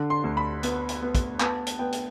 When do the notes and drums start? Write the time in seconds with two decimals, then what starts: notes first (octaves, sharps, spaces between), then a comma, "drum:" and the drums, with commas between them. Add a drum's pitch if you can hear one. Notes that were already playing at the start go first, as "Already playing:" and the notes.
Already playing: D3
0.10 C6
0.24 D2
0.37 B5
0.63 B3, drum: hi-hat
0.89 drum: hi-hat
1.02 B3
1.15 drum: kick, hi-hat
1.40 B3 A5, drum: clap
1.66 drum: hi-hat
1.79 B3 G5
1.92 drum: hi-hat